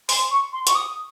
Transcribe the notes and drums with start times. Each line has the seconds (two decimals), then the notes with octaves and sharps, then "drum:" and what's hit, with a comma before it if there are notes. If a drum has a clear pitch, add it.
0.09 C6, drum: open hi-hat
0.31 C#6
0.53 C6
0.67 C#6, drum: hi-hat
0.75 D#6